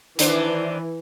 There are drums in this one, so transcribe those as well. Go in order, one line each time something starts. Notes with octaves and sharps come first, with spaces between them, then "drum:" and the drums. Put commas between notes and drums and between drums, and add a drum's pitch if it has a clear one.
D#3 E3 D4 C5, drum: hi-hat